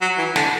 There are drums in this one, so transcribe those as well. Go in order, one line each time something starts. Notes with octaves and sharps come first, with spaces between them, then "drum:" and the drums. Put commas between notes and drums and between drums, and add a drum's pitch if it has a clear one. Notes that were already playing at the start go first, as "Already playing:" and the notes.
F#3
E3
D3, drum: snare